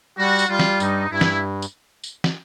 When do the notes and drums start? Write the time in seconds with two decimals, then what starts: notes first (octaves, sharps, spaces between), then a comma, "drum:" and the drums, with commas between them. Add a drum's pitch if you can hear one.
0.18 G3 F#4
0.39 drum: tambourine
0.49 G3 F4
0.59 drum: snare
0.80 G2 D#4, drum: tambourine
1.11 G2 E4
1.21 drum: snare
1.62 drum: tambourine
2.04 drum: tambourine
2.24 drum: snare